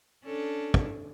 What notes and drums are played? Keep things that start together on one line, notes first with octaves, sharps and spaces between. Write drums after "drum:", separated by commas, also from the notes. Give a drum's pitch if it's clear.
C#4 D4 A4
drum: kick